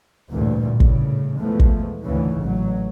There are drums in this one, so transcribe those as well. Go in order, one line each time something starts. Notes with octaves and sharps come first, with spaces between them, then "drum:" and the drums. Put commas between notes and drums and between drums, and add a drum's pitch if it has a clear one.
A1 D2 G2 A#2
A2 C#3, drum: kick
E2 B2 F3 G#3 A3
drum: kick
D2 G#2 C#3 E3
A1 F#3